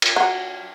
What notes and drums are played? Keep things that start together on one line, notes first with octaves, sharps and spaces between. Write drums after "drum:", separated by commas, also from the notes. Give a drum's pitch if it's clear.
drum: cymbal
F#3